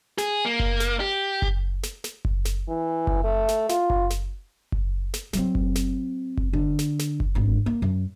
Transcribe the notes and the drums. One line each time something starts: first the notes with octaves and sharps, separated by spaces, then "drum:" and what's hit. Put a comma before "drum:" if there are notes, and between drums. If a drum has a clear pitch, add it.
G#4, drum: snare
A#3
drum: kick F#1
drum: snare
G4
drum: kick F#1
drum: snare
drum: snare
drum: kick F#1
drum: snare
E3
drum: kick F#1
A3
drum: snare
F4, drum: snare
drum: kick F#1
drum: snare
drum: kick F#1
drum: snare
F#3 C4, drum: snare
drum: kick F#1
drum: snare
drum: kick F#1
D3
drum: snare
drum: snare
drum: kick F#1
G#1 D4
A#3
F#2